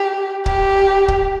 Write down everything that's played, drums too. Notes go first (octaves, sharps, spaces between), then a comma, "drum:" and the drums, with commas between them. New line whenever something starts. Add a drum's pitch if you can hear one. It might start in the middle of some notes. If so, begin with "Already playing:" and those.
Already playing: G4
G4, drum: kick C#1
drum: kick C#1